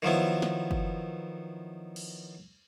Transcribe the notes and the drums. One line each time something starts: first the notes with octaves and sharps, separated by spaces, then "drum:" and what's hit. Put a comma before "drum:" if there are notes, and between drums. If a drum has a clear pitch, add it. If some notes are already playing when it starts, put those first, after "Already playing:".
D#3 F3 F#3 B3 E4
drum: snare
drum: kick F#1
drum: cymbal